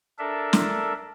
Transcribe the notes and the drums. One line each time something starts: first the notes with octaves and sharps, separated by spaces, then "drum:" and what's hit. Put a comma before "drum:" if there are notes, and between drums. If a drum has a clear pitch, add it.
D4 A4 A#4 E5
drum: snare